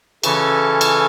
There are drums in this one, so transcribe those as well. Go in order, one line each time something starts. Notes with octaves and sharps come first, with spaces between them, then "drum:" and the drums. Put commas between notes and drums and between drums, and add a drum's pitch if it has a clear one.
C#3 E3 C#4 A4, drum: cymbal
drum: cymbal